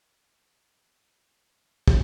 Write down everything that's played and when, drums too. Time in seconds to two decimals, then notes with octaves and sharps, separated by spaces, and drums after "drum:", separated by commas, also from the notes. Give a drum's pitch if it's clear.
0.16 G#4
0.85 A#4
1.88 drum: kick